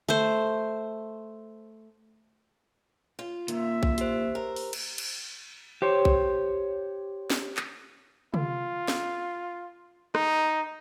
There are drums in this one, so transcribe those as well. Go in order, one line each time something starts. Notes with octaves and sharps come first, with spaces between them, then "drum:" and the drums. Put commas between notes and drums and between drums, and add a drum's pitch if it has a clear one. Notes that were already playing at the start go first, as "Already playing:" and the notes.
A3 C5
F4
A#2 D#3 E5, drum: hi-hat
drum: kick A#1
G4 C5, drum: hi-hat
A#4
drum: open hi-hat
drum: cymbal
drum: cymbal
G4 C5 C#5
drum: kick A#1
drum: snare
drum: clap
F4, drum: tom
drum: snare
D#4, drum: rim click